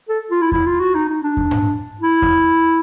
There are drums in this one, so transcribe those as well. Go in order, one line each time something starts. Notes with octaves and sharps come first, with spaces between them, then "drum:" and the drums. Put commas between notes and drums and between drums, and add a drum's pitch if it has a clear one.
A4
F4
E4
E4, drum: kick E2
F4
F#4
D#4
D#4
D4
drum: kick E2
drum: tom G#2
E4
drum: kick E2